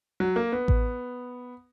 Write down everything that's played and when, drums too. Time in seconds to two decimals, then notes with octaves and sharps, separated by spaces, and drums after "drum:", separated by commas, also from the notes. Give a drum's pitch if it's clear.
0.20 F#3
0.36 A#3
0.52 B3
0.68 drum: kick A1